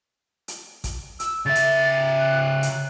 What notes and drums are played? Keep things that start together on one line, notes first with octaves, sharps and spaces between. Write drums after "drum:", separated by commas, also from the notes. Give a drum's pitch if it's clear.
drum: hi-hat
drum: kick G#1, hi-hat
E6, drum: hi-hat
C#3 E5 A6
drum: hi-hat
F#6
drum: hi-hat